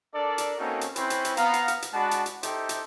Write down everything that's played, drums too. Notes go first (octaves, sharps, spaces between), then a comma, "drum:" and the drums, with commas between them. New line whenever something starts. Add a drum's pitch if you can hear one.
D4 A4 A#4 D5
drum: hi-hat
A#3 C4 C#4 D#4 F#4 A4
drum: hi-hat
C4 C#4 E4 B4 C5, drum: hi-hat
drum: hi-hat
drum: hi-hat
B3 F5 A#5, drum: hi-hat
drum: hi-hat
drum: hi-hat
drum: hi-hat
G#3 D4 F#4 F#5 A5 B5
drum: hi-hat
drum: hi-hat
D#4 G4 A4 C5 E5 G5, drum: hi-hat
drum: hi-hat